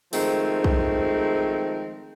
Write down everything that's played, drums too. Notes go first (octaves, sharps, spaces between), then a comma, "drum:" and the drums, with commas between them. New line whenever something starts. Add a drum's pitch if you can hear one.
D#3 F3 G#3 A3 C4, drum: open hi-hat
drum: kick